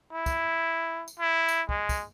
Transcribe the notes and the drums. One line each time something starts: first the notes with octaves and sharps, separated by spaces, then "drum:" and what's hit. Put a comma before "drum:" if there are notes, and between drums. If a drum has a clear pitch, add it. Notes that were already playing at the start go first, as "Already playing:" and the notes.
E4
drum: kick, tambourine
drum: tambourine
E4
drum: tambourine
G#3, drum: kick
drum: kick, tambourine